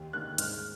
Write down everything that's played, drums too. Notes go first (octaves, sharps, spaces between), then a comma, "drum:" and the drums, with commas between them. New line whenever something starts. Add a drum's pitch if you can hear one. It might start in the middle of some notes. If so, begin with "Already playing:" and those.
Already playing: D#2
D#3 A#3 D#4 F#6
G#2 F6, drum: hi-hat